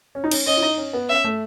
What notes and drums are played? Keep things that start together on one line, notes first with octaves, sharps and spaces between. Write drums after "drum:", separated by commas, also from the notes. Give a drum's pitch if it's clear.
C#4
D#4
C#4, drum: cymbal
C#4 D#5
E4
D#4
C#4
B3
C#4 E5
A3